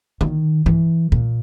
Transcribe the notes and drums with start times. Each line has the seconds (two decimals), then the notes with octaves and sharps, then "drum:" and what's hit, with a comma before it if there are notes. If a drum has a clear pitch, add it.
0.21 D#3, drum: tom D3
0.66 E3, drum: tom G2
1.12 A#2, drum: kick